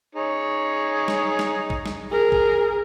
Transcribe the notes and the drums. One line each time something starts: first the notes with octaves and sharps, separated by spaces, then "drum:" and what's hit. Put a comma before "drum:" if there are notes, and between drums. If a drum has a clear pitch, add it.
D#4 G#4 C#5
drum: snare
drum: snare
drum: kick
drum: snare
G#4 A#4
drum: kick